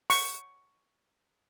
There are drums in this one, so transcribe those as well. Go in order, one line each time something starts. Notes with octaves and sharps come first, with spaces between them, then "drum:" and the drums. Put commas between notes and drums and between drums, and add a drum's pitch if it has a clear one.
C#6, drum: open hi-hat